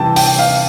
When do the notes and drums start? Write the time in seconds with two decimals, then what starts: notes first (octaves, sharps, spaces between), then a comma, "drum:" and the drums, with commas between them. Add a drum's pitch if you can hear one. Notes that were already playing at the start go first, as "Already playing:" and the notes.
Already playing: C3 E3 G3 G5 A5
0.16 G5, drum: open hi-hat
0.39 F5